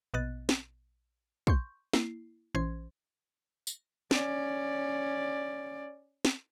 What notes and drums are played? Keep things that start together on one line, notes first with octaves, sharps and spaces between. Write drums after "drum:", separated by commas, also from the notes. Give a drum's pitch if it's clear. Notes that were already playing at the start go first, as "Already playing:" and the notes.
A#1 B2 B3 D#5 F#6 A6
drum: snare
C6 C#6 G6, drum: kick
A#3 E4 C7, drum: snare
A#1 E3 C#4 C5 C6 G#6
drum: tambourine
C#4 D5, drum: snare
drum: snare